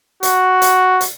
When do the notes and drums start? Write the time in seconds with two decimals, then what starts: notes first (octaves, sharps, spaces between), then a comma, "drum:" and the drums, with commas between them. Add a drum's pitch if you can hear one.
0.23 F#4, drum: hi-hat
0.62 drum: hi-hat
1.01 drum: hi-hat